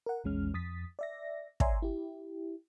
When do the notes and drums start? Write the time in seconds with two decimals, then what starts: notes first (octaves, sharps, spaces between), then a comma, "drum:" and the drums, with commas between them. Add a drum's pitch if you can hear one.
0.06 A#4 F#5
0.24 A#1 E2 G#3 C#4 F6
0.54 F2 D#6 A6 B6
0.99 D5 E5 A#6
1.60 C#5 D5 E5 G#5 A#5 C6, drum: kick
1.82 E4 G4